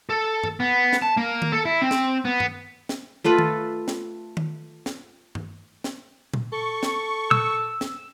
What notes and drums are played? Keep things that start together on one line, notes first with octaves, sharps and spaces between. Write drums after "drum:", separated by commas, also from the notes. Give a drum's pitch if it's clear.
A4
drum: tom G2
B3
drum: snare
A5
A#3
drum: tom D#3
A4
E4
C4
drum: snare
B3
drum: tom G2
drum: snare
A3 F4 A4 B4
drum: tom D#3
drum: snare
drum: tom D#3
drum: snare
drum: tom G2
drum: snare
drum: tom A#2
A4 C#6
drum: snare
E6, drum: tom A#2
drum: snare